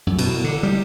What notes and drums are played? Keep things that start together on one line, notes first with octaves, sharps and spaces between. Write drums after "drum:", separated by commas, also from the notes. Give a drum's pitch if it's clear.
F#2
B2, drum: cymbal
D3
G3